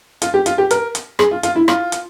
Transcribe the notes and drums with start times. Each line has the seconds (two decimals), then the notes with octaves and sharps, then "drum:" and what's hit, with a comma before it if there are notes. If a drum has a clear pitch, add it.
0.22 F4, drum: hi-hat
0.34 G4
0.46 F4, drum: hi-hat
0.58 G4
0.71 A#4, drum: hi-hat
0.95 drum: hi-hat
1.19 G#4, drum: rim click
1.31 F4
1.43 F4, drum: hi-hat
1.56 E4
1.68 F4, drum: rim click
1.92 drum: hi-hat